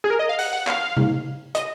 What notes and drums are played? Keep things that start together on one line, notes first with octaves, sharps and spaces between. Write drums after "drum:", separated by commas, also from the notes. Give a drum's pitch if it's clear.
G#4
A#4
D#5
F5
F#5, drum: open hi-hat
F#5
F5, drum: clap
drum: tom C3
D#5, drum: hi-hat